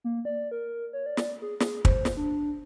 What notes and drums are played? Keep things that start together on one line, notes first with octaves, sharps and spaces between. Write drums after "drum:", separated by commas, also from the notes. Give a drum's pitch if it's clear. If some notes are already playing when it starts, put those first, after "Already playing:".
A#3
D5
A#4
C#5
D5
drum: snare
G#4
G#4, drum: snare
C5, drum: kick
drum: snare
D4